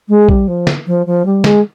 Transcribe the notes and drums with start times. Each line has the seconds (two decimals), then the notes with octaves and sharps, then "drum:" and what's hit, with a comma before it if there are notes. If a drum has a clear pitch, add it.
0.09 G#3
0.29 G3, drum: kick A#1
0.48 F3
0.67 drum: snare
0.87 F3
1.06 F3
1.25 G3
1.44 G#3, drum: snare